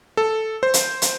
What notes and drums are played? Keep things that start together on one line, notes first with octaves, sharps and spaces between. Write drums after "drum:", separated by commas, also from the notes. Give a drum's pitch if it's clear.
A4
C5
drum: hi-hat
drum: hi-hat